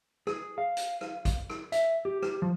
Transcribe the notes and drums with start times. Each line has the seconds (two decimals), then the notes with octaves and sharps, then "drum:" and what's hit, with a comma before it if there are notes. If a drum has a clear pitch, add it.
0.27 G#4, drum: rim click
0.58 F5
0.77 drum: hi-hat
1.01 drum: rim click
1.25 drum: kick, hi-hat
1.50 drum: rim click
1.72 E5, drum: hi-hat
2.05 G4
2.23 G4, drum: rim click
2.42 F3